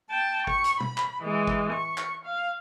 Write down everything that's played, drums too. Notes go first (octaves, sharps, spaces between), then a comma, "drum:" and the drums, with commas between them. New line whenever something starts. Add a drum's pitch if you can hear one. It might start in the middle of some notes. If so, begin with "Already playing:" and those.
G5 A5
C#6, drum: kick
drum: hi-hat
B5, drum: tom
drum: clap
E3 G#3
drum: kick
C#6
drum: clap
F5